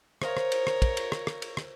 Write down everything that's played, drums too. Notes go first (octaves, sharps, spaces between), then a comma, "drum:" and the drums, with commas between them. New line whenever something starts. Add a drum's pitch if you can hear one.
A#4 C5 C#5 D#5 F5, drum: rim click
drum: rim click
drum: cymbal
drum: rim click
drum: kick, cymbal
drum: cymbal
drum: rim click
drum: rim click
drum: cymbal
drum: rim click